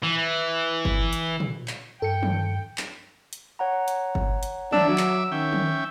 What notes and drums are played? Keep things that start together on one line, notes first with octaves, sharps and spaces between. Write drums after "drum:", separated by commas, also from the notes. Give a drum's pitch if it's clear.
E3
drum: kick G1
drum: hi-hat
drum: tom
drum: clap
G2 A4 G5 C#7
drum: tom
drum: clap
drum: hi-hat
C#5 F#5 A#5
drum: hi-hat
drum: kick G1
drum: hi-hat
D4 E5 D6 E6, drum: tom
F#3
drum: clap
D#3 C#4 E5 G5
drum: tom